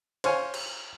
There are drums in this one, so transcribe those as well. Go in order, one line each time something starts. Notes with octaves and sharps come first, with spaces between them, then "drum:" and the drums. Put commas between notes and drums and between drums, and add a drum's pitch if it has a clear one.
C5 C#5 F5 G#5, drum: cymbal
drum: cymbal